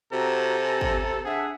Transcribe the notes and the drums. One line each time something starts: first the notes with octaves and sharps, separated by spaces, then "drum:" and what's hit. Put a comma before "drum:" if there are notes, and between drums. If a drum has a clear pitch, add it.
C3 F#4 A4 A#5
G#5
drum: kick
D4 G#4 E5 F#5